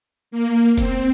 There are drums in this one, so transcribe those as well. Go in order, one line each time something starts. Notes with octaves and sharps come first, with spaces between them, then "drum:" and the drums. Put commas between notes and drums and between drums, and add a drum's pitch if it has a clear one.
A#3
C4, drum: kick E1, hi-hat